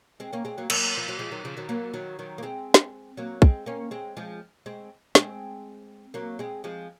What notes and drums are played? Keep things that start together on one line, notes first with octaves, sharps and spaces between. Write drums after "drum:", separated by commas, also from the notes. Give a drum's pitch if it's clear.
G#3 C4
A#3 C#4
G#3 C4
F#3 A#3
F#3 A#3, drum: cymbal
F3
F#3
F3 G#3
D#3 F#3
C#3 F3
D#3 F#3
F#3 A#3
D#3 F#3
D#3 F#3
A#3
G#3 C4
drum: snare
F#3 A#3
G#3 C4, drum: kick
A#3 C#4
G#3 C4
F3 G#3
G#3 C4
G#3 C4, drum: snare
F#3 A#3
G#3 C4
F3 G#3